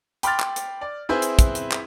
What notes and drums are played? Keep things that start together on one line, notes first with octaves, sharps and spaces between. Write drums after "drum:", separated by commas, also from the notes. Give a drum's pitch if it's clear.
G5 B5 C6 D6 F6 A6, drum: hi-hat
drum: clap
drum: hi-hat
D5
C4 E4 G#4 B4 C5 E5
drum: hi-hat
drum: kick, hi-hat
drum: hi-hat
drum: clap